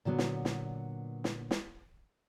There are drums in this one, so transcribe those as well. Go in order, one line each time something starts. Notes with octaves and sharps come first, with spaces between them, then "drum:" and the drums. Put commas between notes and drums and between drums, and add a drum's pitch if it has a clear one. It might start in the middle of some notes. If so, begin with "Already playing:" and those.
A#2 D3 F#3 B3
drum: snare
drum: snare
drum: snare
drum: snare